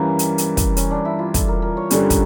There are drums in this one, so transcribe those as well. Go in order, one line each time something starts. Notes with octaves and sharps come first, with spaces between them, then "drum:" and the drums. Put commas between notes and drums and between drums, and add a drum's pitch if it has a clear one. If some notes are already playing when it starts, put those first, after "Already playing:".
Already playing: G2 E3 G3 A#3 C#4
drum: hi-hat
drum: hi-hat
drum: kick, hi-hat
C#4, drum: hi-hat
D4
E4
F4
A4, drum: kick, hi-hat
A#4
A#4
C#5
G2 D3 G3 C#4, drum: hi-hat
drum: kick, hi-hat